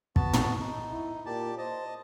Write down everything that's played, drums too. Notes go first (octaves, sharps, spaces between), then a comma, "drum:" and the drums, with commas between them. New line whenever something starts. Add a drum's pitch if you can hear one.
B3 F#4 A5, drum: kick
drum: tom
D#4
E4
A#2 G4 D5 A5
C5 D#5 A5